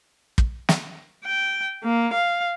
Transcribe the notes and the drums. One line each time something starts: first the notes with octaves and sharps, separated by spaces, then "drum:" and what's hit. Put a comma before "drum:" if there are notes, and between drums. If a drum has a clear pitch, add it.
drum: kick
drum: snare
G5
A#3
F5